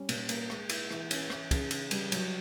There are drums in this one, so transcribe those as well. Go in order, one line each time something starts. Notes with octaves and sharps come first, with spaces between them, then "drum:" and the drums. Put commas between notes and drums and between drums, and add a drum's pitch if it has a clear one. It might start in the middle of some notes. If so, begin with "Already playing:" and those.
Already playing: G3 C#4
A#2, drum: cymbal
A#3, drum: cymbal
G#3, drum: rim click
E4, drum: cymbal
E3, drum: rim click
C#4, drum: cymbal
E3, drum: rim click
C#3, drum: kick, cymbal
C#3, drum: cymbal
G3, drum: cymbal
F#3, drum: cymbal